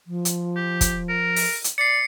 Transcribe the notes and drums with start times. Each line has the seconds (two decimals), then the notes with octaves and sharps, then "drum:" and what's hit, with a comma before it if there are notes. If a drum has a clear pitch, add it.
0.07 F3
0.25 drum: hi-hat
0.56 G4
0.81 drum: kick, hi-hat
1.09 A#4
1.36 drum: open hi-hat
1.64 drum: hi-hat
1.78 D5 C7 C#7